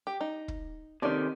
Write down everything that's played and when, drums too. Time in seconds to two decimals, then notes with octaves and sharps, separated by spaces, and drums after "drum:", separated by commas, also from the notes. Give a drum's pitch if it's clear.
0.07 G4
0.21 D#4
0.48 drum: kick
1.02 C3 D#3 C#4 A4 D5